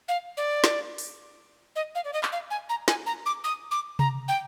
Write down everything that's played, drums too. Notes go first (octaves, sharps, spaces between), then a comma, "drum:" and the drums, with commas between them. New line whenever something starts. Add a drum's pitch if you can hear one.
F5
D5
drum: snare
drum: open hi-hat
D#5
F5
D5
D#5
drum: clap
F5
G#5
A#5
G#5, drum: snare
A#5
D6
D#6
D6
A#5, drum: tom C3
G5